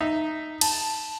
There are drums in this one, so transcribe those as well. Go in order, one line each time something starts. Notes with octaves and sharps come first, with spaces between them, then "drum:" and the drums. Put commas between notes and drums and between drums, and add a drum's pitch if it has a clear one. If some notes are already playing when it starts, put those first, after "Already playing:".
D#4 E5
A5, drum: cymbal